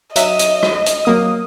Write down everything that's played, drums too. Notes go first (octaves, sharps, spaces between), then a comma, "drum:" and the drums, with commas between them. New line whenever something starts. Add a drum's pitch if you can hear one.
F#3 D#5 E5 E7, drum: hi-hat
drum: hi-hat
drum: rim click
drum: hi-hat
F#3 A#3 D#6